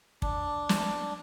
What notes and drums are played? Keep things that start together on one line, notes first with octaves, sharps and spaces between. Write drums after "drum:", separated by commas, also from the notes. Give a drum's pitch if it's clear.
D4, drum: kick
drum: snare